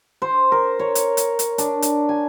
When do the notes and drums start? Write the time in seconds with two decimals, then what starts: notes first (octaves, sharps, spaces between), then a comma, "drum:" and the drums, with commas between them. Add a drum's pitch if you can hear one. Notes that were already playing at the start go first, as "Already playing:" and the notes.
0.22 C5
0.52 A#4
0.79 C#5
0.95 drum: hi-hat
1.17 drum: hi-hat
1.39 drum: hi-hat
1.58 D4, drum: hi-hat
1.82 drum: hi-hat
2.09 G#5